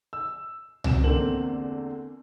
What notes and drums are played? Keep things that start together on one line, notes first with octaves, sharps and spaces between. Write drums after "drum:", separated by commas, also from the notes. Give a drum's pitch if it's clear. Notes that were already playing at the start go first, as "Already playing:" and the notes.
E6
F#2 C3 E7, drum: tom C2
E2 D3 A#3 C4 F#7